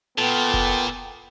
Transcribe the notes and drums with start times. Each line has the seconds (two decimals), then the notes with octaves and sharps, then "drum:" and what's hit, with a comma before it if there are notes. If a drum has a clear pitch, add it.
0.18 A#2 B3 A4 G5
0.54 drum: kick F1